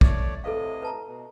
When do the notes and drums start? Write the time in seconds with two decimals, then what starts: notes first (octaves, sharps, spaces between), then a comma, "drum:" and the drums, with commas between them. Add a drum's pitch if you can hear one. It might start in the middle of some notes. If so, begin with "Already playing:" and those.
0.01 A3 C#5 D5, drum: kick
0.44 A2 C3 A4 B4 D#5 F5
0.82 B4 A5 A#5
1.07 B2